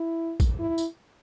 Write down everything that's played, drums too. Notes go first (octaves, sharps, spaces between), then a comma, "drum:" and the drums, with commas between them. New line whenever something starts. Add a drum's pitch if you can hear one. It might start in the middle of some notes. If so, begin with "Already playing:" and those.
Already playing: E4
drum: kick, tambourine
E4
drum: tambourine